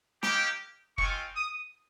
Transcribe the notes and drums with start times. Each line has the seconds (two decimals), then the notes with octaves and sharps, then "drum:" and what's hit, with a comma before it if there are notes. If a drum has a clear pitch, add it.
0.23 A#3 D#4 G4, drum: snare
0.98 G#3 C4 F4 C#6, drum: kick
1.36 D#6